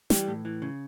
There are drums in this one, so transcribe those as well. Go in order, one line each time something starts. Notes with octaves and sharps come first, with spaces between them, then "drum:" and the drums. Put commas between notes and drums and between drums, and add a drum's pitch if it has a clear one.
E3 G3 G4, drum: snare
A2
E3
C#3